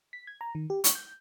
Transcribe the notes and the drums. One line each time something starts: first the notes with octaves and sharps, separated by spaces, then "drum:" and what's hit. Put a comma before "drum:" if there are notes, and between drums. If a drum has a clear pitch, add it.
B6
G#6
A#5
D#3
G4
C#6, drum: hi-hat
G6